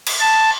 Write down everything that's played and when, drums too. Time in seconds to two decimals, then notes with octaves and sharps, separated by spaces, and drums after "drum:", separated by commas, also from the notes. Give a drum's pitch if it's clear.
0.06 drum: cymbal
0.20 A5